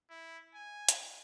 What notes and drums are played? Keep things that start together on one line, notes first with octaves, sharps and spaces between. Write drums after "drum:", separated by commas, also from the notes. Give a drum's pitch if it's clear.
E4
G#5
drum: hi-hat